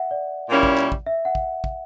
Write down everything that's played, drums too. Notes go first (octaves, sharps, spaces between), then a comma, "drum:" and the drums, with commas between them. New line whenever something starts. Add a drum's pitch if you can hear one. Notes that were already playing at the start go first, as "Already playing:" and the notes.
Already playing: E5 F#5
D5
A#2 G3 A#3 C#4 E4
drum: kick
drum: clap
drum: kick
E5
F#5
drum: kick
drum: kick